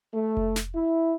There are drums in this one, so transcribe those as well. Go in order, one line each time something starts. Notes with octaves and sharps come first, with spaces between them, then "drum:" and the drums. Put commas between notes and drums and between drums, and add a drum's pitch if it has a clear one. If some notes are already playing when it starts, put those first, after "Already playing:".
A3
drum: kick F1
drum: snare
E4